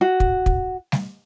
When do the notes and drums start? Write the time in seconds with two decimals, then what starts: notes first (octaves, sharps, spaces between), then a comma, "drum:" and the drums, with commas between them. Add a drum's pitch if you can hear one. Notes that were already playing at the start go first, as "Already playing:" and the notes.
0.01 F#4
0.20 drum: kick
0.46 drum: kick
0.92 drum: snare G3